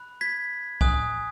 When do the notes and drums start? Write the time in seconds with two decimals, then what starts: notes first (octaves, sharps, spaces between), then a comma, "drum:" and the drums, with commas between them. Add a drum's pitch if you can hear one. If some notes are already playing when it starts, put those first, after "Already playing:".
Already playing: B5 F#6
0.21 G#6 B6
0.81 G#5 D#6 F#6, drum: kick C2